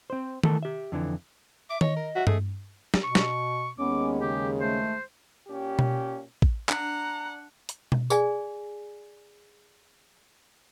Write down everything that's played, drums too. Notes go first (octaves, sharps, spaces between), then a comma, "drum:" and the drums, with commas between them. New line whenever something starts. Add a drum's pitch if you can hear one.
C4 C5
D#3 E3 A3 A4 A#4, drum: tom D#3
G4 E5
F2 D3 E3
E5 D6
C#5 D#5, drum: tom D#3
A#4
F#4 E5
A3 G#4, drum: tom G2
drum: snare
B2 C#6
drum: snare
D#2 D#3 G#3 B3 C#4 D6
C#3 G4
A3 C5
A#2 C#4 G4
drum: tom B2
drum: kick
D4 F#5 A#5, drum: clap
drum: hi-hat
drum: tom B2
G#4 D5 G#5, drum: tambourine